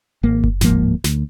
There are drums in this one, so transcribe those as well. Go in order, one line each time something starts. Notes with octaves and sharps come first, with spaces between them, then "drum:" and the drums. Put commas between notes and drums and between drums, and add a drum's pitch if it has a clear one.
G#1 A#3
drum: kick F#1
D1 G#2 F3 A#3, drum: snare
D2, drum: snare